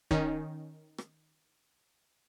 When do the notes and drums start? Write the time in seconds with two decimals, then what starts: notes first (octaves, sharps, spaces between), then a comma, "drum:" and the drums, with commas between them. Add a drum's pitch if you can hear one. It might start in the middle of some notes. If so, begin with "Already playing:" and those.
0.11 D#3 C#4 D#4, drum: kick
0.98 drum: rim click